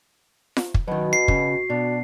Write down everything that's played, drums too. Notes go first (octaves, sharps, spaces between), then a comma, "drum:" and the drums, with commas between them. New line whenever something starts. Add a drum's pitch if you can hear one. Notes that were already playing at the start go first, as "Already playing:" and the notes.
drum: snare F4
drum: kick
B2 D#3 F#3 F#4
C7
C#3, drum: kick
B2 D4